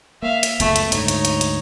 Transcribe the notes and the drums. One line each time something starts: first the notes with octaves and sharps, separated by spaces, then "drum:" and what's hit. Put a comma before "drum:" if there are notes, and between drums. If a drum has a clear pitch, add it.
A#3 E5 F5
drum: hi-hat
C#2 F#2 A3 B3, drum: hi-hat
drum: hi-hat
D2 G#2 D#4 C#5, drum: hi-hat
drum: hi-hat
drum: hi-hat
drum: hi-hat